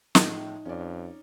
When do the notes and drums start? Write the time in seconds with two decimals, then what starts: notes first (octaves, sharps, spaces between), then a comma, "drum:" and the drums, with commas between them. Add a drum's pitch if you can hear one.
0.15 A2 F3 G#3 D#4, drum: snare
0.65 F2 C#4 D5